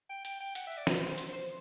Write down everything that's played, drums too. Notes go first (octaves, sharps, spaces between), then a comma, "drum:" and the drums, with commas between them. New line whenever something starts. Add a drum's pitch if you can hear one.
G5
G5, drum: hi-hat
G5
F#5, drum: hi-hat
E5
D5
B4, drum: snare
C5
C5, drum: hi-hat
C5